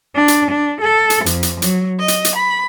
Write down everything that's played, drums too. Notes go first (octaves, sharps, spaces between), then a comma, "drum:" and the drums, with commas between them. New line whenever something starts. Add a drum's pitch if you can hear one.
D4
drum: hi-hat
D4
A4
drum: hi-hat
F2, drum: hi-hat
drum: hi-hat
F#3, drum: hi-hat
D#5
drum: hi-hat
drum: hi-hat
B5